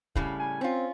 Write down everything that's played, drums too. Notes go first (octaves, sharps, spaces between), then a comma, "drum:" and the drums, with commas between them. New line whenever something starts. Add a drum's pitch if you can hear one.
A2 C#3 G3, drum: kick
G#5
C4 C#4 F4